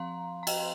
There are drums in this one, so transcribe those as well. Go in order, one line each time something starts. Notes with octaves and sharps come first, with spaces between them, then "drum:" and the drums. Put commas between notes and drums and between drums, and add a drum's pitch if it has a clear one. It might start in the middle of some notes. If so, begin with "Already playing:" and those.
Already playing: F3 C4 F5 A#5 C6
A#5
D#5 G5, drum: cymbal